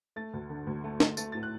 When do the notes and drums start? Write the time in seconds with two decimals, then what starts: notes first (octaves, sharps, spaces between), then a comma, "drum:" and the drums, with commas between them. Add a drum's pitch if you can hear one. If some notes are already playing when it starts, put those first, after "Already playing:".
0.16 A3 A6
0.33 D2
0.50 D3
0.67 D2
0.84 A3
1.00 D2, drum: snare
1.17 A3 A6, drum: tambourine
1.32 A2 A6
1.43 F#6